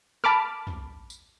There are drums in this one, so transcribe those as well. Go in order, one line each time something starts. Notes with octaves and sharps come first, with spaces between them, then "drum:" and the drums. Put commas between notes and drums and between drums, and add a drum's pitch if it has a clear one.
A5 B5 D6 F6, drum: rim click
drum: tom
drum: tambourine